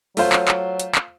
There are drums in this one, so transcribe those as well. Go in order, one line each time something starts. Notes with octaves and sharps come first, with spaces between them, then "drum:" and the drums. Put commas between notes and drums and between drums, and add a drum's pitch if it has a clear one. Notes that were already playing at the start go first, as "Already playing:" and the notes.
F#3 A3 F4 C5, drum: open hi-hat
drum: clap
drum: clap
drum: hi-hat
drum: clap